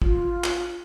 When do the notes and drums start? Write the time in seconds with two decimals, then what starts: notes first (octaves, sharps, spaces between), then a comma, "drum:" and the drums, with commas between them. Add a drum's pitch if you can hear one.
0.02 F4, drum: kick
0.44 drum: clap